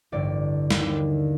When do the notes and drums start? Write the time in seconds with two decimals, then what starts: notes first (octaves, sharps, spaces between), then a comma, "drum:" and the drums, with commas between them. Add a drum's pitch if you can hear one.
0.12 A1 G2 D3 D5
0.71 D#2 D3 G3, drum: snare